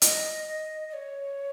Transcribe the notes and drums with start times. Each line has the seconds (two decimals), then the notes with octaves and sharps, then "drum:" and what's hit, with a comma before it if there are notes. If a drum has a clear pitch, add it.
0.02 D#5, drum: hi-hat
0.48 D#5
0.89 D#5
0.94 C#5